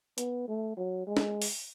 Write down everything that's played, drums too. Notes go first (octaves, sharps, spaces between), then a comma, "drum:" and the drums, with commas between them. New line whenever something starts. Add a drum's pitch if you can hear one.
B3, drum: hi-hat
A3
F#3
G#3
drum: snare
drum: open hi-hat